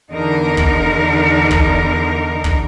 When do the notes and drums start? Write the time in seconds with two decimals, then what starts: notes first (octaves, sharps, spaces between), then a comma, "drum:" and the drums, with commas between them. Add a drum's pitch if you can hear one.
0.10 E2 D3 D#4 A#4
0.57 drum: kick
1.51 drum: kick
2.44 drum: kick